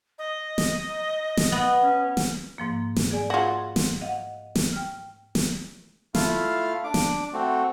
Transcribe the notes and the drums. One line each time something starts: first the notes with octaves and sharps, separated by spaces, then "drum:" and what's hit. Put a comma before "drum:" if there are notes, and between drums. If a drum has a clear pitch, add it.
D#5
drum: snare
drum: snare
B3
C#4
drum: snare
G#2 F3 A#3
drum: snare
G#4 D5 G#5
F4 F#4 G#4 G#6
drum: snare
D#5 F5 F#5
drum: snare
G5 F6
drum: snare
A3 E4 F4 F5, drum: snare
D4 D6
drum: snare
A3 C4 F#4